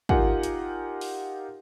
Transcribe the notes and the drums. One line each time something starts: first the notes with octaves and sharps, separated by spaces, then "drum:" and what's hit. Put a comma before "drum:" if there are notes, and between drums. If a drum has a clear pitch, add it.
D#4 F4 G4 A#4 F#5 G#5, drum: kick
drum: hi-hat
drum: open hi-hat